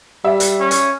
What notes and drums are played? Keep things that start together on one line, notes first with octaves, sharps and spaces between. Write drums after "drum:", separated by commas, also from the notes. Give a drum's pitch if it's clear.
G3 E5
drum: hi-hat
C#4
drum: hi-hat